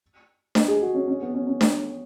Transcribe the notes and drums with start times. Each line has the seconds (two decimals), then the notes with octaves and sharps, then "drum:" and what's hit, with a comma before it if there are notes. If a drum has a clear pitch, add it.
0.55 D#5, drum: snare D4
0.68 G#4
0.82 F#4
0.95 C#4
1.08 C#4
1.21 B3
1.34 C#4
1.47 C#4
1.61 drum: snare D4